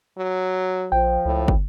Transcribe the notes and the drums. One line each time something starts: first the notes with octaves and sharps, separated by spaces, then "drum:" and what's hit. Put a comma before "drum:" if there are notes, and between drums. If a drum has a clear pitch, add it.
F#3
A#1 F3 G5
C#2 A2
drum: kick